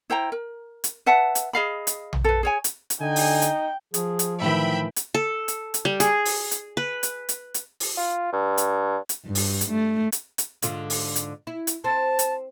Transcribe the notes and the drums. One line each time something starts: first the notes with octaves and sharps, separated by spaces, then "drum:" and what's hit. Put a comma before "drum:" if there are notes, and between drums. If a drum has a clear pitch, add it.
E4 C5 G5 A#5
A#4
drum: hi-hat
B4 E5 F#5 A5
drum: hi-hat
G#4 D#5 F5 B5
drum: hi-hat
drum: tom A#1
A4 B4
G#4 C#5 G#5
drum: hi-hat
drum: hi-hat
D3 D#4 G5 G#5
drum: open hi-hat
drum: hi-hat
F3 G#4, drum: hi-hat
drum: hi-hat
A2 D#3 E3 E4 E5 G5 B5
drum: hi-hat
A4
drum: hi-hat
drum: hi-hat
G3
G#4, drum: hi-hat
drum: open hi-hat
drum: hi-hat
B4
drum: hi-hat
drum: hi-hat
drum: hi-hat
drum: open hi-hat
F4
G2
drum: hi-hat
drum: hi-hat
G2
drum: open hi-hat
drum: hi-hat
A3
drum: hi-hat
drum: hi-hat
G#2 D3 F4, drum: hi-hat
drum: open hi-hat
drum: hi-hat
E4
drum: hi-hat
C4 A5
drum: hi-hat